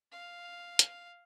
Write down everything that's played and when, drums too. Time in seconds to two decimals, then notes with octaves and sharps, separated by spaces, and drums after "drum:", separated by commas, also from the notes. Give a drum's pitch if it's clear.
0.12 F5
0.79 drum: hi-hat